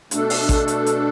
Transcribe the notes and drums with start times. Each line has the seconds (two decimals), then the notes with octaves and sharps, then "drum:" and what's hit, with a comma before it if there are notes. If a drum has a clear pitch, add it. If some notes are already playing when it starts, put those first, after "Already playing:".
0.11 B2 A3 D4 A4, drum: hi-hat
0.30 drum: open hi-hat
0.49 drum: kick A1, hi-hat
0.68 drum: hi-hat
0.86 drum: hi-hat